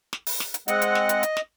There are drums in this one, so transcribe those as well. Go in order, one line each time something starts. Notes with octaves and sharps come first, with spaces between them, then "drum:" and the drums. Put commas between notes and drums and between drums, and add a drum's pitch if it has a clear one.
drum: snare
drum: open hi-hat
drum: snare
drum: hi-hat
G#3 C4 D#5 F#5, drum: hi-hat
drum: hi-hat
drum: snare
drum: hi-hat
drum: hi-hat
drum: snare